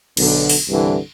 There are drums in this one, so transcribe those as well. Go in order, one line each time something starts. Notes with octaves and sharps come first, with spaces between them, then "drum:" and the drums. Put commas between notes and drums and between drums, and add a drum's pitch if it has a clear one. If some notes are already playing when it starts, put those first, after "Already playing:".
B1 D3, drum: cymbal
drum: open hi-hat
C2 G2 D3 E3